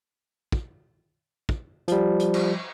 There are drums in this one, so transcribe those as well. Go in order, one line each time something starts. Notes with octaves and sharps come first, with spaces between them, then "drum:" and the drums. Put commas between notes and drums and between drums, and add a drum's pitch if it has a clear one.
drum: kick
drum: kick
F3 G3, drum: hi-hat
drum: hi-hat
drum: cymbal